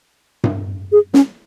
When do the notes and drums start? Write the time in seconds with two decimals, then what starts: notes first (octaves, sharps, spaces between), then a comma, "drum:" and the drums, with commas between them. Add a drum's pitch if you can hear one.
0.44 drum: tom G2
0.92 G#4
1.14 C#4, drum: snare